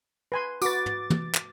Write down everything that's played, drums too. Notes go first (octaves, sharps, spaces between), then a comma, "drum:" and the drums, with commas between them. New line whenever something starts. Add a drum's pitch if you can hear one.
B4 G#5 C6
F#4 B4 D6 A6, drum: tambourine
drum: tom
drum: tom
drum: clap